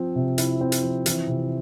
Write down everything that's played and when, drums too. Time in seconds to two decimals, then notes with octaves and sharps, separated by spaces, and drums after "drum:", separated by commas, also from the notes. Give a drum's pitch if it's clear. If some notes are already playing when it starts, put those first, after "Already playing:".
Already playing: F3 C4
0.16 C3
0.38 E4, drum: hi-hat
0.61 C4
0.72 drum: hi-hat
0.83 F3
1.06 E3, drum: hi-hat
1.28 C3